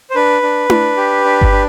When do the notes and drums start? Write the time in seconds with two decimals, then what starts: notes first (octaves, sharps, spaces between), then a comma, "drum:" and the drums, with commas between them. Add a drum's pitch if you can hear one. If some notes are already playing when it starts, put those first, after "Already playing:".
0.10 C5
0.15 D4 B4
0.42 D4
0.70 D4, drum: tom E4
0.97 G4
1.25 D4
1.41 drum: kick G1
1.52 D4